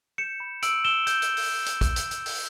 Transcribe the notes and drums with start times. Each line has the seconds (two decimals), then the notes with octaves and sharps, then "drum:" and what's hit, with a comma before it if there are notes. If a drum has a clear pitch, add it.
0.18 G6 C#7 E7
0.40 B5
0.62 E6 D7 F#7, drum: hi-hat
0.85 E6 E7 G7
1.07 G6, drum: hi-hat
1.22 drum: hi-hat
1.37 drum: open hi-hat
1.66 drum: hi-hat
1.81 drum: kick, hi-hat
1.96 drum: hi-hat
2.11 drum: hi-hat
2.26 drum: open hi-hat